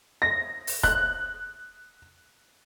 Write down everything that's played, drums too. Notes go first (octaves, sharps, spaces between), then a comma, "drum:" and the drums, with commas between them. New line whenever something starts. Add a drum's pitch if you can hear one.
A#6
drum: open hi-hat
F#6, drum: kick F1